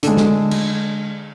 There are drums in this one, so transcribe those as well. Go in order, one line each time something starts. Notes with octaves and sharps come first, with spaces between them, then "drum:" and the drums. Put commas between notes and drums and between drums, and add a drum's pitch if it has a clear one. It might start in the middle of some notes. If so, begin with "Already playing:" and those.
D3 G#3, drum: hi-hat
drum: snare
drum: cymbal